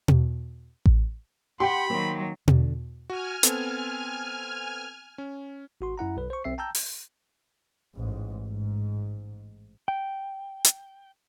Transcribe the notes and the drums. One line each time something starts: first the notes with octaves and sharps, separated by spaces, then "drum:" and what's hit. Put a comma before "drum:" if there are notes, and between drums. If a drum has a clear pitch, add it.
drum: tom
drum: kick A1
G4 F#5 G5 B5 C6
D#3 F#3 A#3 C4
D3, drum: tom
F#4 G#5 F6
B3 C4 A4, drum: hi-hat
C#4
G#1 F#4 C6
F#2 E4 F#5 A#5
B1 B4
C5 C#6
B1 C4 E5 C7
G5 A5 A#5 E6 G6
drum: open hi-hat
A1 G#2
G#2
G5
drum: hi-hat